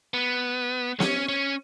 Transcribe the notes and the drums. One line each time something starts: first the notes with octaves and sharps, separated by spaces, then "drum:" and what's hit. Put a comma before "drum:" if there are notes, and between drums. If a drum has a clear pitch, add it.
B3
C#4, drum: snare
C#4